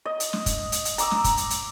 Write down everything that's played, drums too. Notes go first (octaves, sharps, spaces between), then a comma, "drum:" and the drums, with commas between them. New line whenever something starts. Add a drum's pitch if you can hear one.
D#5
drum: hi-hat
drum: snare
drum: kick, hi-hat
drum: hi-hat
drum: hi-hat
A#5 D6 E6, drum: hi-hat
drum: snare
drum: kick, hi-hat
drum: hi-hat
drum: hi-hat